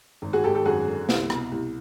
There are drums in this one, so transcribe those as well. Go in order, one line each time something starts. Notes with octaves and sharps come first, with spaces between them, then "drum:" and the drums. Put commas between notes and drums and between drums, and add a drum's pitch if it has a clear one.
G#1
F#4 G#4
G#1 G4 A4
G4 A4
F#2 F#4 G#4
D3
C2, drum: snare
B2, drum: rim click
C2